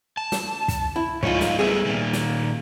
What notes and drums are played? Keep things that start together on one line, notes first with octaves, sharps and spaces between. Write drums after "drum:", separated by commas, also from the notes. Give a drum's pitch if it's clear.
A5
drum: snare
drum: kick, hi-hat
E4
G#2 F3 D#4 F4 C#5, drum: kick
drum: snare
G3 A3 B3 G#4 E5
A#2 D#3
drum: snare